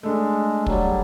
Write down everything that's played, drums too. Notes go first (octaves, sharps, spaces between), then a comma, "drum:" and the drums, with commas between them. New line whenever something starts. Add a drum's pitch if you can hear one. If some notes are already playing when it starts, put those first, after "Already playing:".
G#3 A3 D4
F#3 G3, drum: kick